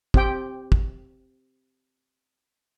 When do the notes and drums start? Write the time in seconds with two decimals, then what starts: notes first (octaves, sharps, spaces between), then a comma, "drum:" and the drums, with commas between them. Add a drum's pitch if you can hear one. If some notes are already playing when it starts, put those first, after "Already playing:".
0.14 C4 G4 G5, drum: kick
0.72 drum: kick